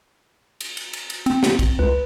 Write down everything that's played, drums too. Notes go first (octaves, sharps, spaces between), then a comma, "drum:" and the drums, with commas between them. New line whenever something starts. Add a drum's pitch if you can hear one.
drum: cymbal
drum: cymbal
drum: cymbal
drum: cymbal
C4, drum: cymbal
drum: snare
drum: kick, cymbal
C#2 B4